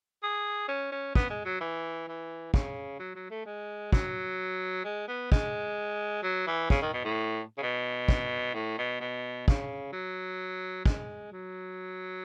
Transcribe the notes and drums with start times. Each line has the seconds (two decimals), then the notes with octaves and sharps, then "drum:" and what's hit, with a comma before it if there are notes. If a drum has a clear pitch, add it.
0.23 G#4
0.68 C#4
0.92 C#4
1.15 B3, drum: kick
1.30 G#3
1.45 F#3
1.61 E3
2.08 E3
2.54 C#3, drum: kick
2.99 F#3
3.15 F#3
3.30 A3
3.46 G#3
3.92 F#3, drum: kick
4.85 G#3
5.08 B3
5.32 G#3, drum: kick
6.23 F#3
6.47 E3
6.70 C#3, drum: kick
6.82 D#3
6.94 B2
7.05 A2
7.58 C#3
7.62 B2
8.08 drum: kick
8.54 A2
8.78 B2
9.00 B2
9.48 C#3, drum: kick
9.93 F#3
10.86 G#3, drum: kick
11.32 F#3